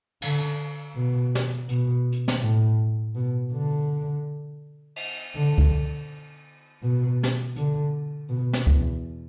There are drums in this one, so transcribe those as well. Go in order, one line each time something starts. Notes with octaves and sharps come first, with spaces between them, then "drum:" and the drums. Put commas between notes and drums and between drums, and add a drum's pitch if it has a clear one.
D3, drum: cymbal
drum: hi-hat
B2
drum: snare
B2, drum: hi-hat
drum: hi-hat
drum: snare
A2
B2
D3
drum: cymbal
D3
drum: kick C#2
B2
drum: snare
D3, drum: hi-hat
B2
drum: snare
E2, drum: kick C#2